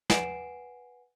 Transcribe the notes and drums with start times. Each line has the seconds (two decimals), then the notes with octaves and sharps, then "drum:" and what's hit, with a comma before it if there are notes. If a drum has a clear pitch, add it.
0.10 B4 F#5 G#5 C7 D7 E7, drum: snare